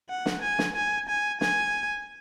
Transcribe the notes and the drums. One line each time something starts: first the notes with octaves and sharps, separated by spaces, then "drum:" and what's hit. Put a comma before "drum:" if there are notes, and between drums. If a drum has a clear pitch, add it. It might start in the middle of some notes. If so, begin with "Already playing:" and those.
F#5
drum: snare
G#5
drum: snare
G#5
G#5
G#5, drum: snare